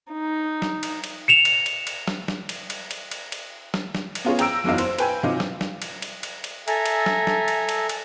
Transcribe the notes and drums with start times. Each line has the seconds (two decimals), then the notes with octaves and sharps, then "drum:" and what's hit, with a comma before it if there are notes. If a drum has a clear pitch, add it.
0.12 D#4
0.62 drum: snare
0.83 drum: cymbal
1.04 drum: cymbal
1.28 C#7 E7 F7
1.45 drum: cymbal
1.66 drum: cymbal
1.87 drum: cymbal
2.08 drum: snare
2.28 drum: snare
2.49 drum: cymbal
2.70 drum: cymbal
2.91 drum: cymbal
3.11 drum: cymbal
3.32 drum: cymbal
3.74 drum: snare
3.95 drum: snare
4.15 drum: cymbal
4.24 B3 C#4 F4 G#4 C#5
4.39 G5 A#5 E6 D7, drum: cymbal
4.64 F#1 E2 F#3 D#4 E4 F5
4.78 C5, drum: cymbal
4.98 B4 G5 G#5, drum: cymbal
5.23 C3 F#3 D#4 F4
5.40 drum: snare
5.61 drum: snare
5.82 drum: cymbal
6.02 drum: cymbal
6.23 drum: cymbal
6.44 drum: cymbal
6.68 A4 E5 G#5 A#5, drum: cymbal
6.86 drum: cymbal
7.06 drum: snare
7.27 drum: snare
7.48 drum: cymbal
7.69 drum: cymbal
7.89 drum: cymbal